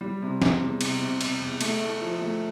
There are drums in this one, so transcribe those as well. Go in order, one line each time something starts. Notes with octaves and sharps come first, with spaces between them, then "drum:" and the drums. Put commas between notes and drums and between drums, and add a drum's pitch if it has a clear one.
G3
C3
C3, drum: snare
E2
C3, drum: cymbal
C3
C3, drum: cymbal
E2
A3, drum: cymbal
A3
F3
A3